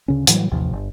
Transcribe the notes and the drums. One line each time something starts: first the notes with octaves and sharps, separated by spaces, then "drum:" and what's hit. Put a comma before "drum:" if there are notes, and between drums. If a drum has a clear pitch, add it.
D2 C#3 C#4
A2 E3 F#3 G3, drum: hi-hat
A1 D#2 C3 F3
G1